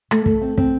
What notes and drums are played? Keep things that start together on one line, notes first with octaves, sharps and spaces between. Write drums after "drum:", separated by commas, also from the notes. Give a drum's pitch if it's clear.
A3, drum: rim click
A3, drum: kick
C4
C4, drum: kick